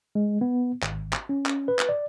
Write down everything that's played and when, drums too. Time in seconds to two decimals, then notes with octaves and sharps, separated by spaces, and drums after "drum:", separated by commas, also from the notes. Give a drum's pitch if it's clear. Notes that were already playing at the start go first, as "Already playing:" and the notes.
0.15 G#3
0.41 B3
0.82 G#1, drum: clap
1.13 drum: clap
1.29 C#4
1.46 drum: clap
1.68 B4
1.79 drum: clap
1.89 D5